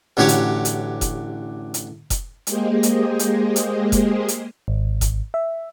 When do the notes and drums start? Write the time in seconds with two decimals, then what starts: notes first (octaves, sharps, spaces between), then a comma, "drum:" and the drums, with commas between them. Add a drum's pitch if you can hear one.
0.17 A1 D3 F#3 G4 C#5 D6
0.28 drum: hi-hat
0.65 drum: hi-hat
1.01 drum: kick F1, hi-hat
1.74 drum: hi-hat
2.10 drum: kick F1, hi-hat
2.47 G#3 A#3 G4 G#4 C5 D#5, drum: hi-hat
2.83 drum: hi-hat
3.19 drum: hi-hat
3.56 drum: hi-hat
3.92 drum: kick F1, hi-hat
4.28 drum: hi-hat
4.68 G#1
5.01 drum: kick F1, hi-hat
5.34 E5